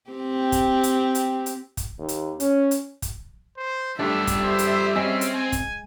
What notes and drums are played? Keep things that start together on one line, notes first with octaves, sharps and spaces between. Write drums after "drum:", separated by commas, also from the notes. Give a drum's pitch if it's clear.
C4 G4
drum: kick, hi-hat
drum: hi-hat
drum: hi-hat
drum: hi-hat
drum: kick, hi-hat
D#2
drum: hi-hat
C#4, drum: hi-hat
drum: hi-hat
drum: kick, hi-hat
C5
G3 A3 D4 G4 A4 E5
drum: kick, hi-hat
C5
drum: hi-hat
G#3 C4 C#4
drum: hi-hat
G#5
drum: kick, hi-hat